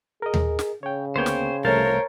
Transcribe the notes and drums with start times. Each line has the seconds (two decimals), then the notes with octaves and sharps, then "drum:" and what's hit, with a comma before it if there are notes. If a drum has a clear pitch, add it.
0.22 G#4 A#4 D#5
0.34 drum: tom D#2
0.59 drum: snare
0.83 C#3 C#5 G5
1.16 D2 A#3 B3 C5 C#5 G5
1.26 drum: snare
1.65 C2 A3 A#4 C5 C#5 F5 A5